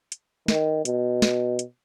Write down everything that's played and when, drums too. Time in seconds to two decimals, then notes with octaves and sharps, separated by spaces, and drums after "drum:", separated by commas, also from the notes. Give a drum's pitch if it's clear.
0.12 drum: hi-hat
0.48 D#3, drum: snare
0.85 B2, drum: hi-hat
1.22 drum: snare
1.59 drum: hi-hat